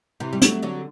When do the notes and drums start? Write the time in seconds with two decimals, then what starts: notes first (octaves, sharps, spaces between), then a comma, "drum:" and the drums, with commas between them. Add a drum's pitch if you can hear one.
0.20 C3 E3
0.33 G3
0.42 F#3 A3, drum: hi-hat
0.63 D3 F#3